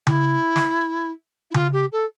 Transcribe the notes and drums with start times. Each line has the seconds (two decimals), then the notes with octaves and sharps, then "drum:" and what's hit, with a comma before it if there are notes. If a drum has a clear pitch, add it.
0.07 E4, drum: tom C#3
0.56 drum: snare
1.50 E4
1.54 F4, drum: tom C#3
1.72 G4
1.92 A4